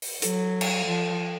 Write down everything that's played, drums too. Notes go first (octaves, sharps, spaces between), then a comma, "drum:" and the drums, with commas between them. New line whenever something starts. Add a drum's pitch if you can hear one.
drum: open hi-hat
F#3 A4, drum: hi-hat
drum: cymbal
F3